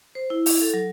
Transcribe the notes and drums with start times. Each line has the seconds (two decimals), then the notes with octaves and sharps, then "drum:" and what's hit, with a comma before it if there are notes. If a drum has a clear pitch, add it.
0.15 C5
0.30 E4
0.46 drum: open hi-hat
0.61 A4
0.74 F#3